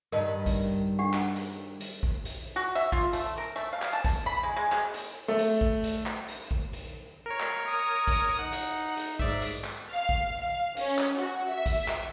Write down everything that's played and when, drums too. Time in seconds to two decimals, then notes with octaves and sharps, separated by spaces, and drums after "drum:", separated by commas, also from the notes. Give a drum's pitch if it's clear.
0.12 G2 D#3 A#4 D#5 A5
0.46 drum: kick A#1, hi-hat
0.99 D4 G4 F#5
1.13 drum: clap
1.36 drum: hi-hat
1.81 drum: hi-hat
2.03 drum: kick A#1
2.25 drum: hi-hat
2.56 F#4
2.75 E5
2.92 F4, drum: kick A#1
3.13 A3, drum: hi-hat
3.38 A#4
3.56 A3
3.73 F5
3.82 drum: clap
3.93 A5
4.04 drum: kick A#1, hi-hat
4.26 B5
4.43 G#3
4.56 G#3
4.72 G#3, drum: clap
4.94 drum: hi-hat
5.28 A3
5.39 drum: hi-hat
5.61 drum: kick A#1
5.84 drum: hi-hat
6.06 drum: clap
6.28 drum: hi-hat
6.51 drum: kick A#1
6.73 drum: hi-hat
7.26 A#4 C#5
7.40 drum: clap
7.67 D#6
8.07 drum: kick A#1, hi-hat
8.39 D#4 F#5
8.52 drum: hi-hat
8.97 drum: hi-hat
9.19 G#2 D5 E5, drum: kick A#1
9.42 drum: hi-hat
9.64 drum: clap
9.91 F5
10.09 drum: kick A#1
10.40 F5
10.77 C#4, drum: hi-hat
10.99 drum: clap
11.17 F#4
11.51 E5
11.66 drum: kick A#1, hi-hat
11.88 drum: clap